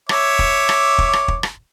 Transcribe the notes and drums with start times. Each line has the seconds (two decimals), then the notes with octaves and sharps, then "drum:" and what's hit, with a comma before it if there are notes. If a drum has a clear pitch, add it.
0.09 C#5 E5 D6, drum: rim click
0.39 drum: kick
0.69 drum: rim click
0.98 drum: kick
1.13 drum: rim click
1.28 drum: kick
1.43 drum: rim click